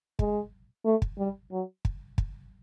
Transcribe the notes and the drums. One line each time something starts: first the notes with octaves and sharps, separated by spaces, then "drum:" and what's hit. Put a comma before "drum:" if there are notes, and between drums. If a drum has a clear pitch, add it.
G#3, drum: kick
A3
drum: kick
G3
F#3
drum: kick
drum: kick